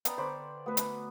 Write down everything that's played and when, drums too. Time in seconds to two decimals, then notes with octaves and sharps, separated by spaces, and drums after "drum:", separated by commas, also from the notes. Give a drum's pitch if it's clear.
0.05 B3 D5 F5 G5 A#5, drum: hi-hat
0.18 D3 B4 C5 B5 C#6 D6
0.66 A3 B3 F#4 B4
0.77 drum: hi-hat